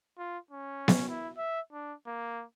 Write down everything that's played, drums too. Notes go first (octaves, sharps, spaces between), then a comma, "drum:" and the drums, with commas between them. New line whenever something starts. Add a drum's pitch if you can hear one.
F4
C#4
drum: snare B3
E4
E5
D4
A#3